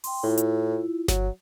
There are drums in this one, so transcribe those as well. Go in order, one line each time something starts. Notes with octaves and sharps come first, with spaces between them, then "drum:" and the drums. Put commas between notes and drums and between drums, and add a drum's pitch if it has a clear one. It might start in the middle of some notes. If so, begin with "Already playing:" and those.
G5 C6, drum: open hi-hat
A2 E4 F4
drum: hi-hat
F#3, drum: snare G1